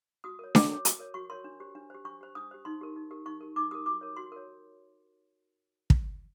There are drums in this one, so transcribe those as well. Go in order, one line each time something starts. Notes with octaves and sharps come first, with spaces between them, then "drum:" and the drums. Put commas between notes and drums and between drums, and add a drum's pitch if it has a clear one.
F#4 D#6
A#4 C#5
F#4 D6, drum: snare D4
A#4 C#5
F#4, drum: hi-hat
A#4 C#5
F#4 C#6
A#4 C#5 C6
D4
G4 C5
D4
G4 C5
D4 C#6
G4 C5
D4 D#6
G4 C5
D#4 C6
G4 A#4
D#4
G4 A#4
D#4 C#6
G4 A#4
D#4 D6
G4 A#4 D#6
F#4 D6
A#4 C#5
F#4 C6
A#4 C#5
drum: kick